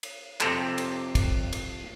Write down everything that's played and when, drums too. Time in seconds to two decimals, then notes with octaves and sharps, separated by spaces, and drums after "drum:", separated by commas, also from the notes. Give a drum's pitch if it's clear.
0.03 drum: cymbal
0.40 F2 C3 C4 G4 A4 A#5, drum: clap
0.78 drum: cymbal
1.15 drum: kick, cymbal
1.53 drum: cymbal